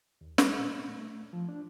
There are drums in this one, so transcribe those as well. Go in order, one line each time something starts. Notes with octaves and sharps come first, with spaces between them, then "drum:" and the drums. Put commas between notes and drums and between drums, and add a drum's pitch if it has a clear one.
D#2
G3, drum: snare
A#2
A3
F3
D4